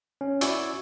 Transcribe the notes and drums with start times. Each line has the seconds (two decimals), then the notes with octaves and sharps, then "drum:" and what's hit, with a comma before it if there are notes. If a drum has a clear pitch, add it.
0.21 C#4
0.41 E4 F#4 D5 G#5 C#6 E6, drum: hi-hat